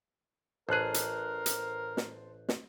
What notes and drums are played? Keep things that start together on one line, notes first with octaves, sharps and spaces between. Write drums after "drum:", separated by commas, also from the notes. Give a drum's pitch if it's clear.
A1 G#4 A#4 C5 A5 F#6
drum: hi-hat
drum: hi-hat
drum: snare
drum: snare